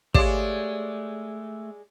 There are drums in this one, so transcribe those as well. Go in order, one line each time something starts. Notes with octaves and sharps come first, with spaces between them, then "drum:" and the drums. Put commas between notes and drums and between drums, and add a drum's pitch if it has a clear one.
G#3 A3 G4 C#5 D5 F5, drum: kick